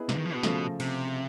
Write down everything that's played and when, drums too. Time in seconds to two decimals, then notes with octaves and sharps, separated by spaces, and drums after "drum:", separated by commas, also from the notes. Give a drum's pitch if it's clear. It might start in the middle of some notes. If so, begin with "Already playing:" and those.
Already playing: B3 E4 G#4 B4 D#5
0.09 C3, drum: snare
0.13 D3
0.18 D#3
0.25 F3
0.34 B2
0.43 C#3 F3 A3, drum: snare
0.80 C3, drum: cymbal